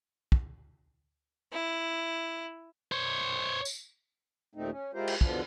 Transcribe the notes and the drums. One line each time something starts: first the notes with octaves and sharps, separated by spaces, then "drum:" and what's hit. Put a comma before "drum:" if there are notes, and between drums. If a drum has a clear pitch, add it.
drum: kick
E4
C5 C#5
drum: tambourine
D#2 A#2 A3 C4 D#4
C#4
G#3 E4 F4 G4 A#4 C5
drum: cymbal
E2 B2 D3 F3 D4 F4, drum: kick